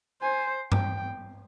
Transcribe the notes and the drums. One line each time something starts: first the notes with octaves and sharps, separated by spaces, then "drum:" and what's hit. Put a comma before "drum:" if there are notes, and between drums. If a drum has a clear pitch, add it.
C5 G#5
G5, drum: tom G2